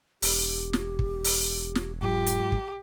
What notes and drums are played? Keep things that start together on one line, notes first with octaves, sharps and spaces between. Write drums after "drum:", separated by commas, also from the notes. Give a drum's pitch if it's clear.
E1 G4, drum: open hi-hat
drum: snare
drum: kick
drum: open hi-hat
drum: snare
G#2 F#3 G#3 F4 G4
drum: hi-hat
drum: kick